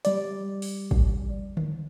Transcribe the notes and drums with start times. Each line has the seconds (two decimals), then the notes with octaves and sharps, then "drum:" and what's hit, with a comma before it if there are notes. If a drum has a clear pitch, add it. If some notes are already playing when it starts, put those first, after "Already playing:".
0.05 G3 D5, drum: hi-hat
0.62 drum: open hi-hat
0.91 drum: kick
1.57 drum: tom D3